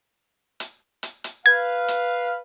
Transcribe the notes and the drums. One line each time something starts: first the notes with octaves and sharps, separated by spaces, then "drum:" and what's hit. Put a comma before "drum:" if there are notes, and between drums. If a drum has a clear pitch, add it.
drum: hi-hat
drum: hi-hat
drum: hi-hat
B4 F5 G#6
drum: hi-hat